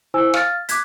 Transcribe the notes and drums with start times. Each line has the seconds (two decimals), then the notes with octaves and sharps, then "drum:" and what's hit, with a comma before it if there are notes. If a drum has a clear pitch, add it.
0.14 E4 C5 G#5 E6
0.34 F5 F6 A6, drum: rim click
0.69 D6 F#6 G#6 B6, drum: hi-hat